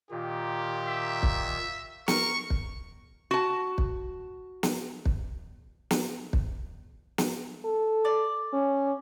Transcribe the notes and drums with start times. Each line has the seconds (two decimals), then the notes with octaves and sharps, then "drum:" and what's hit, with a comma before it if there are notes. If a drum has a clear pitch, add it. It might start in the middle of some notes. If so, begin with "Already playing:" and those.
0.11 A#2 D#3 F4 G4
0.88 E5
1.23 drum: kick
2.08 A#4 C#6, drum: snare
2.50 drum: kick
3.31 F#4 A5
3.78 drum: kick
4.63 drum: snare
5.05 drum: kick
5.91 drum: snare
6.33 drum: kick
7.18 drum: snare
7.65 A4
8.05 D5
8.53 C#4